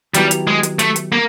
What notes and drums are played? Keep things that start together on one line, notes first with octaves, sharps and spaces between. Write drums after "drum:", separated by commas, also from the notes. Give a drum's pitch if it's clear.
D#3 F#3 G3 B3 E4 G4, drum: hi-hat
drum: hi-hat
G#3
drum: hi-hat
A3, drum: hi-hat
drum: hi-hat
A#3